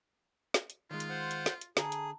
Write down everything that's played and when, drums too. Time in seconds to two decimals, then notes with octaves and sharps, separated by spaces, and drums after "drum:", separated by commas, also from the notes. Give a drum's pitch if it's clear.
0.54 drum: snare
0.70 drum: hi-hat
0.91 D#3 G#3 F4
1.00 drum: hi-hat
1.09 C5 F#5
1.31 drum: hi-hat
1.46 drum: snare
1.61 drum: hi-hat
1.77 D3 G#4 A5 A#5, drum: snare
1.92 drum: hi-hat